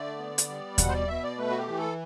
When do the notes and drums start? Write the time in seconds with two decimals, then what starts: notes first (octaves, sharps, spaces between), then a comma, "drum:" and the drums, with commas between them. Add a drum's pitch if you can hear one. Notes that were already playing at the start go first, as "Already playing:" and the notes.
Already playing: D3 A3 D5
0.18 B3
0.38 drum: hi-hat
0.48 G3
0.78 B2 F#5, drum: kick D#2, hi-hat
0.88 C5
0.93 D5
1.08 B2 E5
1.23 D5
1.38 A3 B4
1.51 F#4
1.58 G4
1.68 E3
1.78 A4